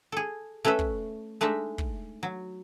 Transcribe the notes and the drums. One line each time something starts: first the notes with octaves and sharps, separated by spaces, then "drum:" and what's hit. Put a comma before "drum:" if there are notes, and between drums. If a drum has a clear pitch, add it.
G#4 A4
A3 C#4 A4 B4 E5
drum: kick
G#3 A3 D4 D#4 E5
drum: kick
F#3